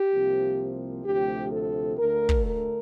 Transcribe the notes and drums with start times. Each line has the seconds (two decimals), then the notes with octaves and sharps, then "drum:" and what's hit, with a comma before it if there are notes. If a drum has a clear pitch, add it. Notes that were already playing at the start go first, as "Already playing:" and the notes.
Already playing: G4
0.10 C2 C3 F3 A#3
1.04 D2 C3 F3 A3 G4
1.51 A4
1.97 D2 D3 A3 A#4
2.29 drum: kick
2.44 A#4